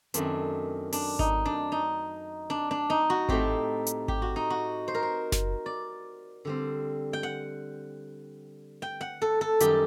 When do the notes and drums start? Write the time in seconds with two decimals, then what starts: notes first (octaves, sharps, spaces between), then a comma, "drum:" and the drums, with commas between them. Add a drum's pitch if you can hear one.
0.14 F#2 D#3 A3 C4 D4, drum: hi-hat
0.93 D4, drum: open hi-hat
1.19 D#4, drum: kick G#1
1.46 D4
1.72 D#4
2.50 D4
2.71 D4
2.90 D#4
3.10 F#4
3.29 A2 A3 C4 G4, drum: kick G#1
3.87 drum: hi-hat
4.08 G4, drum: kick G#1
4.22 F#4
4.36 D#4
4.50 F#4
4.88 C5
4.95 A#4
5.03 C5
5.32 drum: snare F#1
5.66 D5
6.45 D3 G3 C4
7.13 G5
7.23 F#5
8.82 G5
9.01 F#5
9.22 A4
9.41 A4
9.60 F#2 D#3 G3 G4, drum: hi-hat